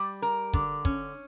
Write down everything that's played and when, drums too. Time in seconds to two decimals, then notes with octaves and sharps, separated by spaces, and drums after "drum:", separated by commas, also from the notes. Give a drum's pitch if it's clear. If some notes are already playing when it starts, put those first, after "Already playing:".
Already playing: G3
0.22 A#4
0.53 D3, drum: kick
0.85 C#4, drum: kick